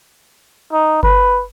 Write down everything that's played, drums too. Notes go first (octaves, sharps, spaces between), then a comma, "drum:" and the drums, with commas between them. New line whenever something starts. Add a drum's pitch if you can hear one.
D#4
B4, drum: kick G1